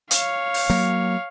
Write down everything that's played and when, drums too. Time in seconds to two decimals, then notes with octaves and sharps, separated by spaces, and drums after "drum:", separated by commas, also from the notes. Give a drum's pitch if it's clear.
0.11 C#5 F5, drum: hi-hat
0.54 drum: open hi-hat
0.70 F#3 A#3